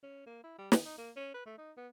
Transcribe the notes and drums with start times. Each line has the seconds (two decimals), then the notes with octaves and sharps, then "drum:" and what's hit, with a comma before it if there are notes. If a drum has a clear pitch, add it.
0.03 C#4
0.27 A#3
0.44 E4
0.59 G3
0.72 D#3, drum: snare
0.85 D#4
0.98 A#3
1.16 C#4
1.34 B4
1.46 A3
1.58 D#4
1.77 B3